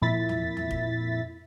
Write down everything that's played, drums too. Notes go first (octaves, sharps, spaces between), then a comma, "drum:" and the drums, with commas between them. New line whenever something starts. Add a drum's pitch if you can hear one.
F2 A#2 E4 A6 B6
drum: tom E2
drum: tom E2
drum: kick